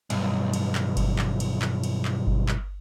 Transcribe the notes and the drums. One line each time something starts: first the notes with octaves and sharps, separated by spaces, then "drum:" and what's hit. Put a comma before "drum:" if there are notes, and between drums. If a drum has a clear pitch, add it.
B1 G2, drum: cymbal
drum: cymbal
drum: clap
drum: kick G1, cymbal
drum: clap
drum: cymbal
drum: clap
drum: cymbal
drum: clap
drum: kick G1
drum: clap